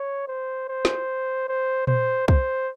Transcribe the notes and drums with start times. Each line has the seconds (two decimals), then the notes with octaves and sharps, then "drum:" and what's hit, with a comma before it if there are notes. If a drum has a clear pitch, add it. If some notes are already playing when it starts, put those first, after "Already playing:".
Already playing: C#5
0.28 C5
0.69 C5
0.85 drum: snare
1.48 C5
1.87 C5, drum: tom A#2
2.28 C5, drum: kick